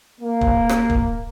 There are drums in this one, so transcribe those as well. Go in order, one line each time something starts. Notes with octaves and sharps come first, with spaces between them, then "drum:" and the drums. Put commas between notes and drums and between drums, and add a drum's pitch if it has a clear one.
A#3
drum: kick
drum: rim click
drum: kick